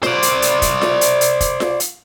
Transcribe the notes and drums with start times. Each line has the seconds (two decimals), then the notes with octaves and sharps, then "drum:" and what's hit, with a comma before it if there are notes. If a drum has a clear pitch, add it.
0.03 C5 D5, drum: snare F4
0.22 drum: hi-hat
0.42 drum: hi-hat
0.62 drum: kick, hi-hat
0.81 drum: snare F4
1.01 drum: hi-hat
1.21 drum: hi-hat
1.41 drum: kick, hi-hat
1.60 drum: snare F4
1.80 drum: hi-hat